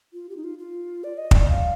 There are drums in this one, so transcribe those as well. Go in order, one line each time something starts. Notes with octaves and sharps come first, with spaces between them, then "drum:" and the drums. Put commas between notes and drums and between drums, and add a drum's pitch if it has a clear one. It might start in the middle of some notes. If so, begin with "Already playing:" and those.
F4
G4
D#4
F4
F4
D5
D#5
D5, drum: kick
F5